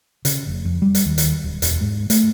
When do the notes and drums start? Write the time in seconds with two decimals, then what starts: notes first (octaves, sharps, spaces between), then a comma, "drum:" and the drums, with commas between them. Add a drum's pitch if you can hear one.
0.25 C#3, drum: hi-hat
0.47 F1
0.65 F2
0.82 G3
0.95 drum: hi-hat
1.05 D#2
1.18 drum: hi-hat
1.44 D1
1.62 E1, drum: hi-hat
1.81 G#2
2.10 A3, drum: hi-hat